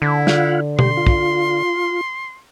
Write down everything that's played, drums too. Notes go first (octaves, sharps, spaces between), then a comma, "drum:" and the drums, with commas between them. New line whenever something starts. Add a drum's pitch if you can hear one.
D3 E4
F4 F5 F#5, drum: snare
G4 C6, drum: tom B2
F4
drum: kick